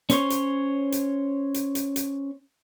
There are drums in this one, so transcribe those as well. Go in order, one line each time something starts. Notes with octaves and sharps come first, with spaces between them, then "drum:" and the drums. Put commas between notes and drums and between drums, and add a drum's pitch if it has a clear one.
C#4 C5 C#5, drum: hi-hat
drum: hi-hat
drum: hi-hat
drum: hi-hat
drum: hi-hat
drum: hi-hat